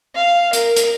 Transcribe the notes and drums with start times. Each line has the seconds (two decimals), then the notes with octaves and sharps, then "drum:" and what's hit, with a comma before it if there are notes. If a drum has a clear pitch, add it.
0.15 F5
0.53 A#4, drum: hi-hat
0.76 drum: hi-hat